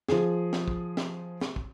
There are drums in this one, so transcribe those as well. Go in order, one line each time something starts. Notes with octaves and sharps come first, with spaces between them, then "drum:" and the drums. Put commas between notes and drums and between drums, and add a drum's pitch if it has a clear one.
F3 G#4, drum: snare
drum: snare
drum: kick
drum: snare
drum: snare
drum: kick